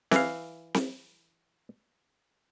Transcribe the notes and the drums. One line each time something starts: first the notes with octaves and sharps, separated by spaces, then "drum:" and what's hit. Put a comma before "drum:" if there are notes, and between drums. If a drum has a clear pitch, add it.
E3 F5, drum: snare C4
drum: snare C4